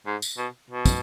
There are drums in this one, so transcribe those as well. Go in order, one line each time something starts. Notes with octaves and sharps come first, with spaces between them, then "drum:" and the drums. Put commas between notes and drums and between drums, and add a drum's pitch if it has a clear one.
G#2
drum: tambourine
B2
B2
drum: kick, tambourine